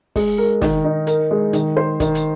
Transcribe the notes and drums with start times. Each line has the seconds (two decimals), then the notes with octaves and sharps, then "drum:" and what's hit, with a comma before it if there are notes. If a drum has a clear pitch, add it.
0.16 G#3, drum: kick, open hi-hat
0.38 A#4
0.62 D#3, drum: snare
0.84 D#4
1.07 A#4, drum: hi-hat
1.31 G#3
1.53 D#3, drum: hi-hat
1.77 C5
2.00 D#3, drum: kick, hi-hat
2.15 drum: hi-hat